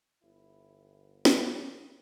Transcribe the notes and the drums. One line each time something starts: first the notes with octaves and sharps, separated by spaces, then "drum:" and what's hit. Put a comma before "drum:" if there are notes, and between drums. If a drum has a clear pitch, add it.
G1 E4
drum: snare
A2 G4